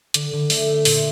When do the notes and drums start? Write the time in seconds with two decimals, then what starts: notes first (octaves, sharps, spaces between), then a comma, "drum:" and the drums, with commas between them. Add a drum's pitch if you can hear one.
0.14 D3, drum: hi-hat
0.33 D3
0.50 A3, drum: open hi-hat
0.68 A3
0.85 A#2, drum: open hi-hat